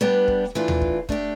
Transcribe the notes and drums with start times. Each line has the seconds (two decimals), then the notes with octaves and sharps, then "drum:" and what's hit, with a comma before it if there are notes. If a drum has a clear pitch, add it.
0.01 G3 B3 D4 G4
0.28 drum: kick
0.55 E3 A3 D4 F4
0.68 drum: tom D#2
0.81 drum: kick
1.09 A3 D4 G4, drum: kick